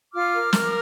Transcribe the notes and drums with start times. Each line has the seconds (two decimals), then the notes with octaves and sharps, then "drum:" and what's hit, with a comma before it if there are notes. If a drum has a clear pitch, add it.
0.12 F4 D6 F6
0.32 A#4
0.53 A#4, drum: snare